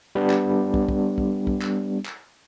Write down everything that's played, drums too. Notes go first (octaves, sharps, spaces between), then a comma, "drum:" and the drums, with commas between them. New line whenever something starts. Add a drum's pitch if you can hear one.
G3 B3 D4
drum: clap
drum: kick
drum: kick
drum: kick
drum: kick
drum: clap
drum: clap